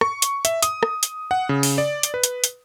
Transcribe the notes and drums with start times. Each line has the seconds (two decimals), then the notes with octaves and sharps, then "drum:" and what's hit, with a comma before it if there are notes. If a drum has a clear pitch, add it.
0.01 C#6, drum: rim click
0.22 drum: hi-hat
0.45 E5, drum: hi-hat
0.62 D#6, drum: hi-hat
0.83 drum: rim click
1.03 drum: hi-hat
1.31 F#5
1.49 C#3
1.63 drum: open hi-hat
1.78 D5
2.03 drum: hi-hat
2.14 B4
2.24 drum: hi-hat
2.44 drum: hi-hat